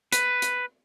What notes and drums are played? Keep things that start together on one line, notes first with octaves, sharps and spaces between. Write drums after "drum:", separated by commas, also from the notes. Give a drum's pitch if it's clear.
B4, drum: hi-hat
drum: hi-hat